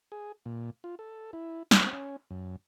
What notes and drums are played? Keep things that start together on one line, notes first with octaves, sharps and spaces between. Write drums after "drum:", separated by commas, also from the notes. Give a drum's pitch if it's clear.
G#4
A#2
F4
A4
E4
C4, drum: snare
C#4
F#2